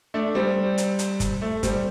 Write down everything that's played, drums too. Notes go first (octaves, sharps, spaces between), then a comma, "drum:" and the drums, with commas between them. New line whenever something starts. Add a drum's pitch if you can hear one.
A3 D4
G3 C4
drum: hi-hat
drum: hi-hat
drum: kick, hi-hat
A3
G3 C4, drum: kick, hi-hat